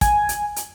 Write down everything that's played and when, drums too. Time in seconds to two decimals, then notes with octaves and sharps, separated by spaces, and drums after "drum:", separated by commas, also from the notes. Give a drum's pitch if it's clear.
0.01 G#5, drum: kick, hi-hat
0.29 drum: hi-hat
0.56 drum: hi-hat